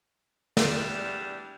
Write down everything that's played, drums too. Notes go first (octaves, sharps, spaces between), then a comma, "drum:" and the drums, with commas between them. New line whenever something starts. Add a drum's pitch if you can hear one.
E2 G3 D4, drum: snare